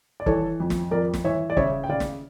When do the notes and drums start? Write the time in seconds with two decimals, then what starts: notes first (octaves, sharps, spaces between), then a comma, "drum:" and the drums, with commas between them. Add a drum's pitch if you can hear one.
0.20 D5
0.26 E3 A4 C#5, drum: kick
0.60 F2
0.70 drum: snare
0.91 F2 A#4 D5
1.14 drum: snare
1.25 E3 C#5 E5
1.50 D5
1.57 C#3 C#5 E5, drum: kick
1.84 G5
1.89 C#3 D5 F5
2.00 drum: snare